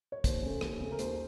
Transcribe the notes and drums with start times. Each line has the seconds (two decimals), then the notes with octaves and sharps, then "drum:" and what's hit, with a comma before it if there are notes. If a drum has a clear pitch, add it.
0.12 C#5
0.24 D#2 C5, drum: kick, hi-hat
0.42 C#3 A3
0.61 D#2, drum: rim click
0.80 C#3 A3
0.92 A#4
0.99 D#2 C5, drum: hi-hat